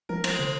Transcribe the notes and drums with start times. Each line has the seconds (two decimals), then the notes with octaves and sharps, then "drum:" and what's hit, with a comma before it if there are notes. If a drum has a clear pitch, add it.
0.09 F3 A#4
0.24 F3 C5, drum: cymbal
0.39 C#3